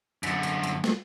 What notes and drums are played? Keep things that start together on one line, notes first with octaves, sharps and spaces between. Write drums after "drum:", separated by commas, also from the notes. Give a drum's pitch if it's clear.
F#2 D3, drum: hi-hat
drum: hi-hat
drum: hi-hat
drum: snare